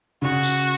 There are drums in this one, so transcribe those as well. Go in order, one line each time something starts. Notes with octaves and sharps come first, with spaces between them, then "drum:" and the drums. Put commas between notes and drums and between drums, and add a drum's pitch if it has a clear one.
C#3 F#4
drum: tambourine